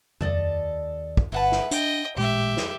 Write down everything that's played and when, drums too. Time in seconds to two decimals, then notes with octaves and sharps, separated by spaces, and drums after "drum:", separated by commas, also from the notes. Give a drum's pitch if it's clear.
0.21 D#2 A4 D5 D#5, drum: tom
1.17 drum: kick
1.32 G1 E4 B4 F#5 A5
1.52 drum: snare
1.71 D4 D#5 G5, drum: hi-hat
2.16 A1 A#2 G#3 G4 E5
2.57 drum: snare